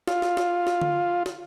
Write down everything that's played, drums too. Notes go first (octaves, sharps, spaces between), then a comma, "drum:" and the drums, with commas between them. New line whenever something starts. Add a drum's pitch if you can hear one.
F4, drum: snare
drum: snare
drum: snare
drum: snare
drum: tom D3
drum: snare